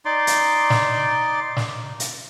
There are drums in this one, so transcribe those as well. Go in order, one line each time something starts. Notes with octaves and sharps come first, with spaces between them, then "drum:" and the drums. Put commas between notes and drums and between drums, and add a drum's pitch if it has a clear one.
D#4 D5 C6 D6
drum: hi-hat
drum: snare
drum: snare
drum: hi-hat